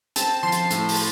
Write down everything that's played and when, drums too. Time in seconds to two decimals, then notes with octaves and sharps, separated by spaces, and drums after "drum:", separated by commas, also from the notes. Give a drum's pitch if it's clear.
0.16 C4 A5, drum: hi-hat
0.43 F3 C6
0.52 drum: hi-hat
0.71 A2, drum: hi-hat
0.89 drum: open hi-hat